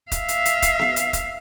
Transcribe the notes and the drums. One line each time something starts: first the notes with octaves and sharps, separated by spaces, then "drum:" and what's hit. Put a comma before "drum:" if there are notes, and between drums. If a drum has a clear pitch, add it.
E5 F5, drum: kick, hi-hat
drum: hi-hat
drum: hi-hat
drum: kick, hi-hat
drum: snare B3
drum: hi-hat
drum: kick, hi-hat